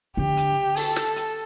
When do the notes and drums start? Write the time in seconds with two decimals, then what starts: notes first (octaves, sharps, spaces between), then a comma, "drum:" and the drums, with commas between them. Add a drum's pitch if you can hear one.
0.17 D3 G4
0.37 drum: hi-hat
0.76 A4, drum: open hi-hat
0.96 drum: snare
1.16 drum: hi-hat